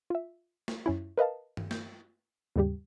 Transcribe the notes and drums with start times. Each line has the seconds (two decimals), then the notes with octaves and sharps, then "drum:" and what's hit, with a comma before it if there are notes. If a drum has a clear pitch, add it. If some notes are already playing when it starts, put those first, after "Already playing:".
0.10 F4 E5
0.68 drum: snare
0.86 F#2 C#4 E4
1.18 A#4 B4 D#5 F5 A5
1.57 drum: tom
1.71 G6, drum: snare
2.56 D#2 G#2 C#3 G3 G4